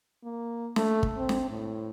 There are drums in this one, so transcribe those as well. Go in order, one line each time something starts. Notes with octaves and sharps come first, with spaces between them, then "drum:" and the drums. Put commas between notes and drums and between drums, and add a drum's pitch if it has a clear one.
A#3
A3, drum: snare
drum: kick
C4
drum: snare
A2